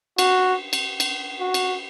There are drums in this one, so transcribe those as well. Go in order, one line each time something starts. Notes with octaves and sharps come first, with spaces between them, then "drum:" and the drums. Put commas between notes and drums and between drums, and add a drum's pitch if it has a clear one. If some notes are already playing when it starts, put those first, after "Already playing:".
F#4, drum: cymbal
drum: cymbal
drum: cymbal
F#4
drum: cymbal